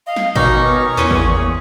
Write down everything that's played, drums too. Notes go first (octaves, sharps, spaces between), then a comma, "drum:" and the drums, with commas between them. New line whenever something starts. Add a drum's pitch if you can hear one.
D#5 F5
drum: snare
B2 C#4 D#4 G4 A#4 C#6, drum: kick G#1
E2 A#2 C#4 C#5 G#5
G#4, drum: kick G#1